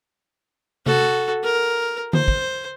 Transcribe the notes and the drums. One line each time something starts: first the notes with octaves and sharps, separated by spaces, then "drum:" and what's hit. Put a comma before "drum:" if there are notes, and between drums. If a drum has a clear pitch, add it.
F#4 A4, drum: tom C3
A#4
C5, drum: tom D3
drum: kick